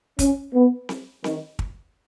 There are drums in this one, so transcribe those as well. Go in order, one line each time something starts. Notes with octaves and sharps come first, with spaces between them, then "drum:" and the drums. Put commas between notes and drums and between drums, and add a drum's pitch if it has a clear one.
C#4, drum: kick, hi-hat
B3
drum: snare C4
D#3, drum: snare C4
drum: kick